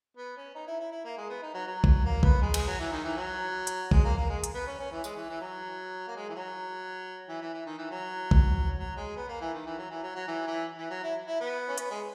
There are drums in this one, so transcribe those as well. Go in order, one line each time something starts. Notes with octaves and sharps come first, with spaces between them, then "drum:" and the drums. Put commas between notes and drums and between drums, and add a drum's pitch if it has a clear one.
B3
C#4
D#4
E4
E4
E4
A#3
G#3
B3
D#4
F#3
F#3
drum: kick B1
A#3
B3, drum: kick B1
G#3
G#3, drum: cymbal
F#3
E3
D#3
E3
F#3
drum: hi-hat
G#3, drum: kick B1
A#3
A#3
G#3
drum: hi-hat
B3
C#4
C#4
E3
G#3, drum: tambourine
E3
E3
F#3
A#3
G#3
E3
F#3
E3
E3
E3
D#3
E3
F#3
drum: kick B1
F#3
G#3
B3
A#3
E3
D#3
E3
F#3
E3
F#3
F#3
E3
E3
E3
F#3
E4
E4
B3
C#4
B3, drum: hi-hat
G#3